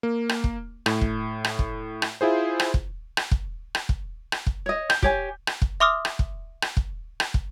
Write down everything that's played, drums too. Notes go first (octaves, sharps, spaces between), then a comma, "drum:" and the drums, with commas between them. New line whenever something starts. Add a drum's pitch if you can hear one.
A#3
drum: rim click
drum: kick
A2, drum: rim click
drum: kick
drum: rim click
drum: kick
drum: rim click
E4 F4 G#4 C5
drum: rim click
drum: kick
drum: rim click
drum: kick
drum: rim click
drum: kick
drum: rim click
drum: kick
C#5 D#5
G6, drum: rim click
G4 C#5 G#5, drum: kick
drum: rim click
drum: kick
E5 C6 D6 D#6 F6
drum: rim click
drum: kick
drum: rim click
drum: kick
drum: rim click
drum: kick